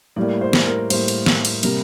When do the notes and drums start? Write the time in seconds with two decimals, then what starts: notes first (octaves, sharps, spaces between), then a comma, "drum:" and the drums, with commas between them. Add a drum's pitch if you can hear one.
0.16 A2 G3 A#3 D5
0.41 C5
0.53 drum: snare
0.65 A#4
0.90 A2 G3 A#3 C5, drum: cymbal
1.08 drum: cymbal
1.26 drum: snare
1.45 drum: cymbal
1.63 C3 G3 A#3 A#4, drum: cymbal